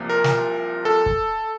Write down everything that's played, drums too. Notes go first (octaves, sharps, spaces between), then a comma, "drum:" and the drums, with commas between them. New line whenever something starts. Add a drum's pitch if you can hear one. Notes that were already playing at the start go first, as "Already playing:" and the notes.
Already playing: C2 C3 F3 A#3
A#4
drum: snare
A4
drum: kick